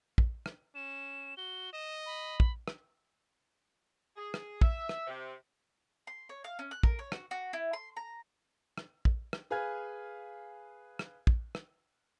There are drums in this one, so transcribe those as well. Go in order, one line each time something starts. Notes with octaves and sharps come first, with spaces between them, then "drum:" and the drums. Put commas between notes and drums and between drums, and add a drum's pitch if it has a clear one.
drum: kick
drum: rim click
C#4 E7
F#4 G7
D#5 E7
B5
drum: kick
drum: rim click
G#4
drum: rim click
E5, drum: kick
drum: rim click
C3
C6
C#5
F5
C#4
F#6
A#4, drum: kick
C#5
F#4, drum: rim click
F#4
E4
C6
A#5
drum: rim click
drum: kick
drum: rim click
G#4 B4 F5 G#5 F6 G#6
drum: rim click
drum: kick
drum: rim click